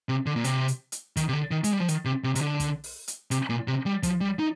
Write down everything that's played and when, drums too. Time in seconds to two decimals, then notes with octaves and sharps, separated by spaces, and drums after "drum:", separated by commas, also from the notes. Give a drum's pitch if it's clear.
0.09 C3
0.26 D3
0.36 A#2
0.44 C3, drum: hi-hat
0.68 drum: hi-hat
0.92 drum: hi-hat
1.17 D#3, drum: kick, hi-hat
1.28 C3
1.33 D3
1.51 D#3
1.64 G#3, drum: hi-hat
1.73 G3
1.80 F3
1.88 D#3, drum: hi-hat
2.05 C3
2.24 C3
2.35 C3, drum: hi-hat
2.41 D3
2.60 drum: kick, hi-hat
2.84 drum: open hi-hat
3.08 drum: hi-hat
3.31 C3, drum: hi-hat
3.50 A#2
3.68 C3
3.86 G3
4.03 F3, drum: kick, hi-hat
4.21 G3
4.39 D#4